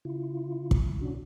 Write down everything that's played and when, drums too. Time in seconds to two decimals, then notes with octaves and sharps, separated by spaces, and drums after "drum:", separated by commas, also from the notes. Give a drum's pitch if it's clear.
0.05 C#3 E4 F4
0.71 drum: kick
1.01 C3 C#4 D4 F#4